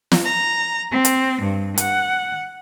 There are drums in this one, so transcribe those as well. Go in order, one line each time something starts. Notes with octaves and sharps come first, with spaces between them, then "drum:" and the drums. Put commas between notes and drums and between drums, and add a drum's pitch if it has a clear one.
drum: snare
A#5
C4
drum: hi-hat
G2
F#5, drum: hi-hat